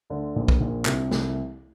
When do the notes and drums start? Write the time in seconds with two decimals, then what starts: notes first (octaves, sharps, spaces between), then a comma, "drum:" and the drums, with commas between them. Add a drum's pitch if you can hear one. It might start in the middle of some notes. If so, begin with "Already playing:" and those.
0.10 D2 D3
0.35 A#1 A#2
0.48 drum: kick
0.60 A#1 A#2
0.85 C2 C3, drum: clap
1.11 C2 C3, drum: snare